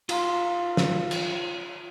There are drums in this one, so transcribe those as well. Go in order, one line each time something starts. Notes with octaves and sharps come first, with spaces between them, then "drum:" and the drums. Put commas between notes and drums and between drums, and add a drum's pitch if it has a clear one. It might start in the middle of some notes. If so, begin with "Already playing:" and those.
F4 F5 A#5 C6, drum: cymbal
drum: snare
drum: cymbal